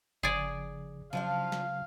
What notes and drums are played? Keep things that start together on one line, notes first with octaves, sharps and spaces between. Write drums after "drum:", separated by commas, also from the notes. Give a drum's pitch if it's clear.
C#3 F3 G#4 D5, drum: kick F#1
C#3 F3 F#3 D4 F4 F5
drum: snare